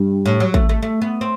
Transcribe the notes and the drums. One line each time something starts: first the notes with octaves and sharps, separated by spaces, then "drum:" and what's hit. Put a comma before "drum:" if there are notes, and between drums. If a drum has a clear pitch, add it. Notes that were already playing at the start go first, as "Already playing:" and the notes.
Already playing: G2
A2
F#3
A3, drum: kick A1
A3
A3
B3
C4